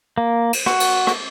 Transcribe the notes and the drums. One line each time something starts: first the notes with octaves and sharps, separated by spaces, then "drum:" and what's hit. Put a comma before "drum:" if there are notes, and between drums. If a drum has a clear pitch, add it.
A#3
drum: cymbal
F#4, drum: rim click
drum: cymbal
drum: rim click